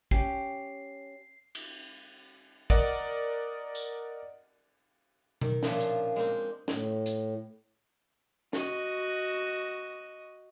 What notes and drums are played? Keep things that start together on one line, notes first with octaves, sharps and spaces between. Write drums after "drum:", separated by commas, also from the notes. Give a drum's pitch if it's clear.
C#4 G4 C7, drum: kick
drum: cymbal
A#4 D5 D#5 F#5, drum: kick
drum: tambourine
D#3, drum: tom B2
A#2 C#3 F3 D4 G#4 E5, drum: snare
drum: hi-hat
G#3 A#3 C4
A2, drum: snare
drum: hi-hat
F#4 D#5, drum: snare